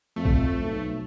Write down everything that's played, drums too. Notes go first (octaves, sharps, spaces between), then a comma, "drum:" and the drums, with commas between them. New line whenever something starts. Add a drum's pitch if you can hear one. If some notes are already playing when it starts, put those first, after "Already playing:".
F2 A3
drum: kick
B1